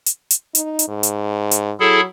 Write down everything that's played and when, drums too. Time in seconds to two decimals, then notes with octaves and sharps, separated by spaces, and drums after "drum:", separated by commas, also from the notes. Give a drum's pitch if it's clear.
0.06 drum: hi-hat
0.31 drum: hi-hat
0.55 D#4, drum: hi-hat
0.79 drum: hi-hat
0.88 G#2
1.03 drum: hi-hat
1.51 drum: hi-hat
1.80 F#3 E4 G#4 A4